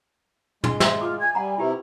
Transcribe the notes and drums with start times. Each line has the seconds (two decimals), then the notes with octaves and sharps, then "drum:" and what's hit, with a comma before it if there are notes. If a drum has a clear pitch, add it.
0.64 G#3 C6, drum: tom
0.80 C5 E5 A#5 C6, drum: snare
1.01 F4 B5 D6 D#6
1.20 G#5 G#6
1.35 G3 F#5 A#5 B5
1.58 C3 E4 F4 G4 B4 A#5